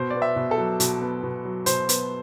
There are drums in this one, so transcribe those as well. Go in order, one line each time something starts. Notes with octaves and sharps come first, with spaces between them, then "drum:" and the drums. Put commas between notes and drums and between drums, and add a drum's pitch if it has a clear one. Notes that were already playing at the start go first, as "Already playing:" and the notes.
Already playing: B2 C5
B3 D5
E5
B2
A4
F#3
B2, drum: hi-hat
B3
B2
F#3
B2 C5, drum: hi-hat
B3, drum: hi-hat